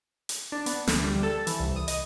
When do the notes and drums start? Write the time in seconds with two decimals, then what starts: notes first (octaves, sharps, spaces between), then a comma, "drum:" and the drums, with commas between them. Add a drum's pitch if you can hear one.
0.29 drum: hi-hat
0.52 D4
0.66 B3, drum: hi-hat
0.87 D2, drum: snare
1.04 G3
1.23 A4
1.47 E3, drum: hi-hat
1.60 C2
1.76 D#6
1.88 D#5, drum: hi-hat